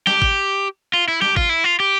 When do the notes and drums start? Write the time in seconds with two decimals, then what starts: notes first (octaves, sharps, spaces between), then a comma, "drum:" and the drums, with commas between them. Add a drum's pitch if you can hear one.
0.07 G4, drum: snare
0.22 drum: kick G#1
0.94 F4
1.08 E4
1.22 G4, drum: snare
1.37 F4, drum: kick G#1
1.49 E4
1.64 F4
1.80 G4